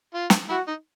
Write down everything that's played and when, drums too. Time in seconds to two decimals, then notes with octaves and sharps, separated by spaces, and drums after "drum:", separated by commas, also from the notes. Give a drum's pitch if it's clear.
0.15 F4
0.30 drum: snare
0.50 E4 F#4
0.68 D#4